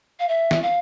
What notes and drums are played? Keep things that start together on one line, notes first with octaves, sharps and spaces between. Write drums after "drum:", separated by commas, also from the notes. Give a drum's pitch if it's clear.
F5
E5
drum: snare
F5